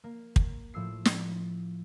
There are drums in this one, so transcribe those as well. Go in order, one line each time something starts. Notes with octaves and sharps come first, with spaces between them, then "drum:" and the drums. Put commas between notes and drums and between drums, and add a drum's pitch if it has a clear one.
A#3
drum: kick
A2 F3 E6 C7
drum: snare